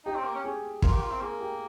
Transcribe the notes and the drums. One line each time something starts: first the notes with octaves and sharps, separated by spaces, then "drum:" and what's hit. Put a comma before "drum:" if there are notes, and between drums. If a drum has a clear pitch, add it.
D#4 G4 G5
C4
A#3
C#4
G#4 G#5
F4 A#4 A#5, drum: kick
G4
F4
C4
A#3 G#4 G#5
G4 G5